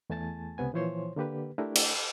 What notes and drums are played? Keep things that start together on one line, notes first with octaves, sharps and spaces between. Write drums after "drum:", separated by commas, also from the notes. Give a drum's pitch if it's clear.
E2 A3 G#5 A5 A6
C#2 C3 B3 G#5
A#2 E3 F3 C5 C#5 C6
D3 A#3 G4 B4
A3 D4 E4 G4 A#4
drum: cymbal